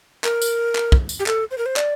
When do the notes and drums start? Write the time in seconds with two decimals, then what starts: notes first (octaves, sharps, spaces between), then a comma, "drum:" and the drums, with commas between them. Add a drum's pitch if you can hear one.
0.24 A#4, drum: clap
0.42 drum: tambourine
0.75 drum: clap
0.92 drum: kick
1.09 drum: tambourine
1.19 G4
1.26 A4, drum: clap
1.51 C5
1.58 A#4
1.66 C5
1.76 D5, drum: clap